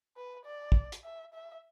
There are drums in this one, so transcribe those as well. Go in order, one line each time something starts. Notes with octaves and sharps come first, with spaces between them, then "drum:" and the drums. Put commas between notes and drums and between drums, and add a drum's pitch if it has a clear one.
B4
D5
drum: kick
drum: hi-hat
E5
E5